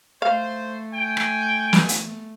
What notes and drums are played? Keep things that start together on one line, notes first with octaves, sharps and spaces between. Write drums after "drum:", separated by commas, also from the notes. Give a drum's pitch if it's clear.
A3 C5 F5
G5 G#5
drum: rim click
drum: snare
drum: hi-hat